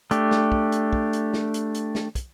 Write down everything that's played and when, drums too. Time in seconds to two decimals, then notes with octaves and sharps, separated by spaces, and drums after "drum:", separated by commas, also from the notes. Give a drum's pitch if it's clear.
0.11 A3 D4 G4, drum: hi-hat
0.31 drum: snare
0.52 drum: kick
0.72 drum: hi-hat
0.93 drum: kick
1.13 drum: hi-hat
1.34 drum: snare
1.54 drum: hi-hat
1.74 drum: hi-hat
1.95 drum: snare
2.15 drum: kick, hi-hat